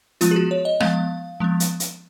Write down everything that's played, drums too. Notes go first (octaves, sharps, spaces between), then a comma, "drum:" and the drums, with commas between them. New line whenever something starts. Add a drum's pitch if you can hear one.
F3 G#3 B3 F4, drum: hi-hat
G#4
F#4
C#5
D#5
F3 G#3 B3 F5, drum: rim click
F3 G#3 B3
drum: hi-hat
drum: hi-hat